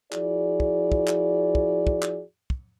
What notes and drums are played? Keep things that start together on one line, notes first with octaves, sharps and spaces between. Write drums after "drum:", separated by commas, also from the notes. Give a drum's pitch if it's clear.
F3 E4 F#4 G#4 D5, drum: clap
drum: kick
drum: kick
drum: clap
drum: kick
drum: kick
drum: clap
drum: kick